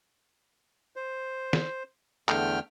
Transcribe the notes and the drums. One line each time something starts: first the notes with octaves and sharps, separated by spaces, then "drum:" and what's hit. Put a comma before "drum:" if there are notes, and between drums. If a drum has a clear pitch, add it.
C5
drum: snare
E2 D3 A3 G5 F6, drum: clap